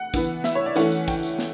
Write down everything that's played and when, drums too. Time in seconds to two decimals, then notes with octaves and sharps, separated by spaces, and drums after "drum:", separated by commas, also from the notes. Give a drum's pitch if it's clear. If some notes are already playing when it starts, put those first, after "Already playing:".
Already playing: F#5
0.14 E3 B3, drum: kick, tambourine
0.44 E5, drum: snare
0.55 C#5
0.66 D5
0.76 E3 A3 C#4 F#5, drum: tambourine
0.92 drum: tambourine
1.08 G5, drum: kick, tambourine
1.23 drum: tambourine
1.39 drum: snare